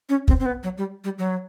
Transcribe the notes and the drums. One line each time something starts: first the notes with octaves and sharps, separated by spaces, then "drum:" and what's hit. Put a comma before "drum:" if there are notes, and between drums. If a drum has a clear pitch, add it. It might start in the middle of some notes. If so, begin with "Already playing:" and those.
C#4
C4, drum: kick
C4
B3
F#3
G3
G3
F#3